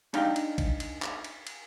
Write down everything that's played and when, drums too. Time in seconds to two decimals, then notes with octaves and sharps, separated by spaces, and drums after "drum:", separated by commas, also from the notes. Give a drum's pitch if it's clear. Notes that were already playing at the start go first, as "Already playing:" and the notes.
0.14 D4 D#4 F5 G5, drum: cymbal
0.36 drum: cymbal
0.58 drum: kick, cymbal
0.80 drum: cymbal
1.02 drum: clap
1.24 drum: cymbal
1.47 drum: cymbal